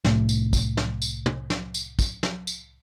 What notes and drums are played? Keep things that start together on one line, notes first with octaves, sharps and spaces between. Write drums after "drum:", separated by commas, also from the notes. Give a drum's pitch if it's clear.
C2 A2 A3, drum: snare
drum: tambourine
drum: kick, tambourine
drum: snare
drum: tambourine
drum: tom
drum: snare
drum: tambourine
drum: kick, tambourine
drum: snare
drum: tambourine